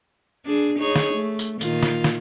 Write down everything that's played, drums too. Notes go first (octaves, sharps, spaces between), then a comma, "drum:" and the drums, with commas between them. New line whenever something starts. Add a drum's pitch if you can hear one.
D4 G#4
D#4 G#4 C#5
drum: snare
A3
drum: tambourine
A#2 D#3 F4, drum: tambourine
drum: snare
drum: snare